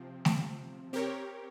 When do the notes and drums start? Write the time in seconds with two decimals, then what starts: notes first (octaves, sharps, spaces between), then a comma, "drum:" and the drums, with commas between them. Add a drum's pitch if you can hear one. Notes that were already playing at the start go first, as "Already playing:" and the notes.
Already playing: C3 F3 C4
0.25 drum: snare A3
0.93 C4 G4 A#4 C#5